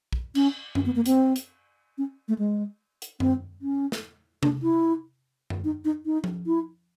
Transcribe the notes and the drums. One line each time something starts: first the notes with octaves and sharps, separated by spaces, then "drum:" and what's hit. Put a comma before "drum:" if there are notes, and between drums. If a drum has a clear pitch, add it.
drum: kick
C#4, drum: cymbal
C#4, drum: tom F#2
B3
A#3
C4, drum: hi-hat
drum: hi-hat
C#4
A3
G#3
drum: hi-hat
C4, drum: tom F#2
C#4
drum: snare
D4, drum: tom C3
E4
drum: tom F#2
D#4
D#4
D#4
drum: tom F3
E4